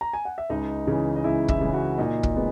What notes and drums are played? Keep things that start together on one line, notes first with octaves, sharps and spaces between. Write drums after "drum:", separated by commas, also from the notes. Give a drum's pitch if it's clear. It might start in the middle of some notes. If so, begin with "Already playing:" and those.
A#5
G#5
F#5
E5
C#2 D#4 D#5
C#3 E3
D#5
C#2 E4 E5
E4 E5, drum: kick
C#3 E3
F#4 F#5
A#2 D#4 D#5
drum: kick
G#3 B3